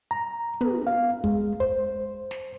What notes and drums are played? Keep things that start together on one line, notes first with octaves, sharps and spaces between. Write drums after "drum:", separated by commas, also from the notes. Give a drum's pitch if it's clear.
A#5
B3, drum: tom
F5
G#3, drum: kick
C5, drum: kick
drum: snare